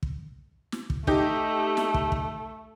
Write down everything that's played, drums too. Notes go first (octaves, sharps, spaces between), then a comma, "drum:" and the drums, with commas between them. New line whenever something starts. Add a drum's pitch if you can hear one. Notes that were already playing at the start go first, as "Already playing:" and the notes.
drum: kick
drum: snare
drum: kick
A3 D#4 G4, drum: kick
drum: snare
drum: kick
drum: kick